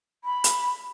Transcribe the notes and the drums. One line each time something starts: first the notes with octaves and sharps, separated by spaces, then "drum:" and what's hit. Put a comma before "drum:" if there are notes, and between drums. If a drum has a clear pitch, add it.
B5
drum: hi-hat